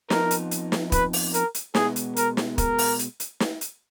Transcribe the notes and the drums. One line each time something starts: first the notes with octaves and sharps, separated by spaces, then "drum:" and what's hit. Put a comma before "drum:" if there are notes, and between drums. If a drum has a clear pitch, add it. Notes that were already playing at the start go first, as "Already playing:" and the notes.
F2 F3 B3 D#4 A#4, drum: snare
drum: hi-hat
drum: hi-hat
drum: snare
B4, drum: kick, hi-hat
drum: open hi-hat
A#4, drum: hi-hat
drum: hi-hat
B2 G#3 B3 G#4, drum: snare
drum: hi-hat
A#4, drum: hi-hat
drum: snare
A#4, drum: kick, hi-hat
drum: open hi-hat
drum: hi-hat
drum: hi-hat
drum: snare
drum: hi-hat